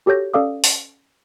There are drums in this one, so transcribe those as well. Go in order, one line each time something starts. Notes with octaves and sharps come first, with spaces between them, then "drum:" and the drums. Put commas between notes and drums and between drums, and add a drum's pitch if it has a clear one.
F#4 G4 A4 C#5 G6 A#6
C#4 A4 D5 F5 D6 D#6
drum: open hi-hat